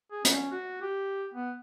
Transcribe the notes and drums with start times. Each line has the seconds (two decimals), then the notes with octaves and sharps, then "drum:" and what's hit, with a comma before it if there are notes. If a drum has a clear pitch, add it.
0.11 G#4
0.25 C#4, drum: hi-hat
0.51 F#4
0.81 G4
1.34 B3